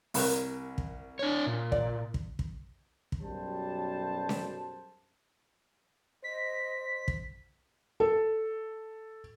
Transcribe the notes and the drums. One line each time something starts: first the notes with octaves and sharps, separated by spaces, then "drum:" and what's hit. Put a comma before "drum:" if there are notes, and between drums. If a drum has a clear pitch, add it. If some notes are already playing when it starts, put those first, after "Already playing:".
C2 A#4 F#6, drum: open hi-hat
drum: kick
D4 C#5
A#2
D5, drum: kick
drum: kick
drum: kick
drum: kick
B1 F#2 G3 C5 A5
drum: snare C#4
C5 D#5 B6
drum: kick
A4